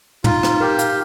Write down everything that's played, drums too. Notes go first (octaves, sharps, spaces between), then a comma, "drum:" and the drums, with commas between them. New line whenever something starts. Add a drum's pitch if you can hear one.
D#4 F4, drum: tom
D#4, drum: rim click
G4 A#4
F5, drum: hi-hat